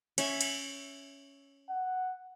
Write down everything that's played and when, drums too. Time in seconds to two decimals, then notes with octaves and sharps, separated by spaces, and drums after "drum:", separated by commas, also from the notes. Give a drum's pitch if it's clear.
0.18 C#4 E5, drum: cymbal
0.41 drum: cymbal
1.69 F#5